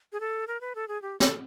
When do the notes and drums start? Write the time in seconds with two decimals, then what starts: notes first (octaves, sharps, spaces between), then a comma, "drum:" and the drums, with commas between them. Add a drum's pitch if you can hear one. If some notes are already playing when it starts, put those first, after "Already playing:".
0.12 G#4
0.20 A4
0.48 A#4
0.61 B4
0.75 A4
0.88 G#4
1.02 G4
1.20 A4, drum: snare